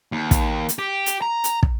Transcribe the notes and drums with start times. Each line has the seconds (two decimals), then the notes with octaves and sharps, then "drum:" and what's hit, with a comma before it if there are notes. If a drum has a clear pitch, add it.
0.12 D#2
0.31 drum: kick, hi-hat
0.69 drum: hi-hat
0.79 G4
1.06 drum: hi-hat
1.22 A#5
1.44 drum: hi-hat
1.63 drum: kick